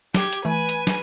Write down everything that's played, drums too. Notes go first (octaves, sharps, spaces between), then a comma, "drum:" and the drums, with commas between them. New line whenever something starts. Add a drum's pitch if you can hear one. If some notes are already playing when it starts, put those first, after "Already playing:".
G4 G#6, drum: snare
drum: hi-hat
E3 A3 B4 G#5
drum: hi-hat
drum: snare